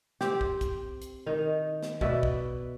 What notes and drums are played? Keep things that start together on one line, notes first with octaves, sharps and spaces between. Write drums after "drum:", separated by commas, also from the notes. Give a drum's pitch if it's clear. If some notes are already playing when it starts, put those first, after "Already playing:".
C4 G4, drum: snare
drum: kick
drum: kick, hi-hat
drum: hi-hat
D#3 D#4
drum: snare
B2 B4 D5 E5, drum: kick
drum: kick